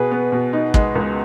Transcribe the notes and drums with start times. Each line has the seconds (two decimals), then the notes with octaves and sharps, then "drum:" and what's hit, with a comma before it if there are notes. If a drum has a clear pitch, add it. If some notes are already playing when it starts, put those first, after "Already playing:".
Already playing: B2 G#4 B4
0.11 B3
0.32 B2
0.53 D#4
0.74 G#3, drum: kick
0.95 C#2